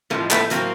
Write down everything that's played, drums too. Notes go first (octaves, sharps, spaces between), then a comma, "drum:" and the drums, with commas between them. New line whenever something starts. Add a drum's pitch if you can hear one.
A2 F3 G#3 A#3
A3 B3, drum: clap
A2 F#3 A#3 C4, drum: hi-hat